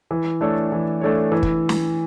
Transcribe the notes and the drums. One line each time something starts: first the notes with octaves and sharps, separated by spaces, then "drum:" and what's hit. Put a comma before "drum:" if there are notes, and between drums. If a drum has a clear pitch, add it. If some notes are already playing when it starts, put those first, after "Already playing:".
E3
A3 D4 A4 C#5
E3
A3 D4 A4 C#5
E3
drum: kick
drum: snare